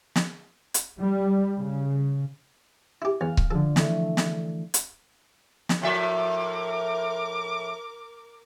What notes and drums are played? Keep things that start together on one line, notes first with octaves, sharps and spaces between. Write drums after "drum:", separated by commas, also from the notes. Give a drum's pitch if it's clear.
drum: snare
drum: hi-hat
G3
C#3
E4 G4
E2 F5 F6
drum: kick C#1
D3 F3 A4
E3 A3, drum: snare
drum: snare
drum: hi-hat
drum: snare
A2 F3 A#4 E5 D6